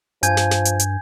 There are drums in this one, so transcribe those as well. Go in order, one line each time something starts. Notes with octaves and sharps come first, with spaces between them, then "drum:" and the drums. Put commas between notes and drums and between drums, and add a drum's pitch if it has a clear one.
G2 F3 G#5 G6 G#6, drum: hi-hat
drum: snare
drum: snare
drum: hi-hat
drum: hi-hat